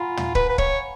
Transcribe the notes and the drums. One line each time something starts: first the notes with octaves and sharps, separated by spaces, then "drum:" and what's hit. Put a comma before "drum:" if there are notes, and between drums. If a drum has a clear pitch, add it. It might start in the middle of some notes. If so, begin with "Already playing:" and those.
Already playing: F4 F5 F#5 G#5 A#5 B5
drum: tom
B4, drum: kick
B4
C#5, drum: kick